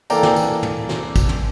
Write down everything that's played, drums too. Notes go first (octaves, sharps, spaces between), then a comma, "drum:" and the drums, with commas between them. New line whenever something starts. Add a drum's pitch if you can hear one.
E3 A#3 A4 D5 G5 A#5, drum: tambourine
drum: snare
drum: tambourine
drum: tom
drum: snare
drum: kick, tambourine
drum: tom